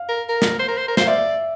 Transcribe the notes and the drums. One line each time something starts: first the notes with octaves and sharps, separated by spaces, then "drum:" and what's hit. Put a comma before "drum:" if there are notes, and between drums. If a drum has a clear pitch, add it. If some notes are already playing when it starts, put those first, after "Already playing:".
Already playing: F5
A#4
A#4
drum: snare
C5
A#4
C5
A#4
C5, drum: snare
F5
D5 E5